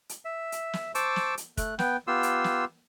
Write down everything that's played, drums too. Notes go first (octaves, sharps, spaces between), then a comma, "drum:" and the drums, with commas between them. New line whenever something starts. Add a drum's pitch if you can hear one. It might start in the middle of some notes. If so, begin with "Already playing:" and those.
drum: hi-hat
E5
drum: hi-hat
drum: snare
C5 A5 C#6 D6 E6, drum: hi-hat
drum: snare
drum: hi-hat
A3 F#6, drum: kick, hi-hat
B3 G5, drum: snare
B3 F4 G4 C6 E6
drum: hi-hat
drum: snare